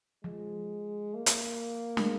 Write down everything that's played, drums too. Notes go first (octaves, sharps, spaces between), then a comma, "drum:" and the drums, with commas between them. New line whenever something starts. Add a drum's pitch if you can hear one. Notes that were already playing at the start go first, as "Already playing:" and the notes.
F3 G#3
A#3
drum: hi-hat
G#3, drum: snare